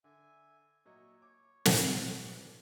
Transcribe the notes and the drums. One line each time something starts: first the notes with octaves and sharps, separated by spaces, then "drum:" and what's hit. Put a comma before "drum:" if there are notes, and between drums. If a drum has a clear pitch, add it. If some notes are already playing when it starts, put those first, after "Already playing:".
D3 E5 G#5
A#2 F#3 C#5 D#5 E5
C#5 D6
drum: snare
C#4 G#5
B3 F#4 D5